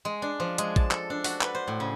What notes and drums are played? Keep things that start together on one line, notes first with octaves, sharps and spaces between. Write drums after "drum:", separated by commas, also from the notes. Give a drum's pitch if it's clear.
G#3
D4
F3
G#3, drum: hi-hat
A5, drum: kick A#1
A4, drum: clap
D4
F#4, drum: open hi-hat
B4, drum: clap
C5
A2
C#3